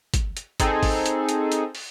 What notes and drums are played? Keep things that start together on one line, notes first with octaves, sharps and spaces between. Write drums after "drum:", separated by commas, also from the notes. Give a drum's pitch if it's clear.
drum: kick, hi-hat
drum: hi-hat
C4 D#4 G#4 A4, drum: kick, hi-hat
drum: kick, open hi-hat
drum: hi-hat
drum: hi-hat
drum: hi-hat
drum: open hi-hat